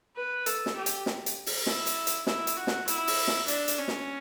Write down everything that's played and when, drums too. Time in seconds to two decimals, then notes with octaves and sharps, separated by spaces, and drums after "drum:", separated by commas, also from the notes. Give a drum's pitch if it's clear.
0.16 B4
0.46 A4, drum: hi-hat
0.66 drum: snare
0.76 G4
0.86 drum: hi-hat
1.06 drum: snare
1.26 drum: hi-hat
1.46 drum: open hi-hat
1.66 E4, drum: snare
1.87 drum: hi-hat
2.07 drum: hi-hat
2.27 E4, drum: snare
2.47 drum: hi-hat
2.56 F#4
2.67 drum: snare
2.88 E4, drum: hi-hat
3.07 drum: open hi-hat
3.27 drum: snare
3.48 D4, drum: hi-hat
3.68 drum: hi-hat
3.78 C#4
3.88 drum: snare